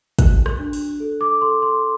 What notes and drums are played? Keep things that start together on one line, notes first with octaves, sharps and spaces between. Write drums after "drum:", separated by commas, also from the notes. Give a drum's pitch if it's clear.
F#4 F#6, drum: kick, hi-hat
drum: rim click
D4
drum: open hi-hat
A4
D6
A4 C6
C6